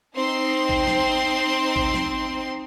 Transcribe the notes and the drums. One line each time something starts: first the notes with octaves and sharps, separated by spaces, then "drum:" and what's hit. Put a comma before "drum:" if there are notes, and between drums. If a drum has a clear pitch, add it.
C4 D#4 C6
drum: kick G#1
drum: snare
drum: kick G#1
drum: snare